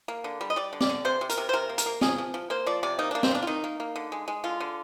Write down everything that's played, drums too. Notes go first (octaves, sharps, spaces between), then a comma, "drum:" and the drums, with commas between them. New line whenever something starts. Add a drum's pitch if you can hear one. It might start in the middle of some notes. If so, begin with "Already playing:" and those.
A#3
D3
G3
D#5
G3 D5
D3
D5, drum: snare C4
D3
C3 C5
C3
A#4, drum: hi-hat
C3
C5
C3 A#4
A#3
A#4, drum: hi-hat
A#3
F3 G#4, drum: snare C4
F3
F3
A#3 C5
F3 D5
C3 D5
A#3 D#4
A#3 D4
C4, drum: snare C4
D#3 D4
F4
D#3 D#4
A#3
A#3
D3
G#3
G#3
D3 F4
D3